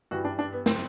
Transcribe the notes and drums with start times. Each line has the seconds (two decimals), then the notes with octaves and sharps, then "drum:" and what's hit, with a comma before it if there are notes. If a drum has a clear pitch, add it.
0.11 G2 E3 G3 F#4
0.25 D4
0.39 D4
0.52 B3
0.66 C4, drum: snare